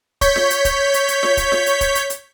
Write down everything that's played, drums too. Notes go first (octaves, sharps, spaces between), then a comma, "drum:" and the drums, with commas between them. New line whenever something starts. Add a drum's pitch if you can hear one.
C#5 G6 B6, drum: kick, hi-hat
drum: snare F4
drum: hi-hat
drum: kick, hi-hat
drum: hi-hat
drum: hi-hat
drum: snare F4
drum: kick, hi-hat
drum: snare F4
drum: hi-hat
drum: kick, hi-hat
drum: hi-hat
drum: hi-hat